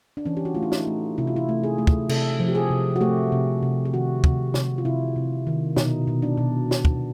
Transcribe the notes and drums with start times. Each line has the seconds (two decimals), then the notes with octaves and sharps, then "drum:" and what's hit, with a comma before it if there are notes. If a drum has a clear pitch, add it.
0.17 D4
0.26 E3 C#4
0.37 G4
0.45 F#4
0.55 A3 F4
0.63 E4
0.72 D#4, drum: snare
0.87 A3
1.18 C3 E4
1.27 F4
1.36 E4
1.49 A3
1.63 G#4
1.78 A3
1.87 drum: kick
2.09 C3 A4, drum: cymbal
2.40 F3
2.49 G4
2.55 G#4
2.71 C3
2.96 F#4
3.01 A3 G4
3.32 C3
3.63 C3
3.85 G4
3.93 D#3 F#4
4.24 C3, drum: kick
4.54 C3, drum: snare
4.78 F4
4.85 C3 E4
5.16 C3
5.47 D#3
5.76 B2 D#4, drum: snare
6.07 B2
6.22 D4
6.37 B2
6.71 drum: snare
6.85 drum: kick